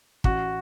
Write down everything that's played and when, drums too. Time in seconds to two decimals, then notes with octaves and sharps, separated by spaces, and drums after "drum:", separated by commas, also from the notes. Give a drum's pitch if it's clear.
0.24 A1 F#4, drum: kick